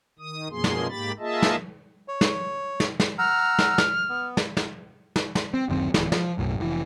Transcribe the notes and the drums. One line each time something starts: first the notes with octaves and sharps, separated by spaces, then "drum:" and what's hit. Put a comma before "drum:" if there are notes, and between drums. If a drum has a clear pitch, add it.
D#3 D#6
F#2 B2 F3 A#3 G#4 C6
drum: snare
G#2 A#3 G4 B5 A6
A#3 F4 G#4 D#5 E5 A5
drum: snare
C#5
drum: snare
drum: snare
drum: snare
F#5 A#5 E6 F6
drum: snare
drum: snare
B3
drum: snare
drum: snare
drum: snare
drum: snare
C4
D1 F#2 D#3 C4
D1 E3, drum: snare
F3, drum: snare
B1 F#2 A2
F1 A#2 E3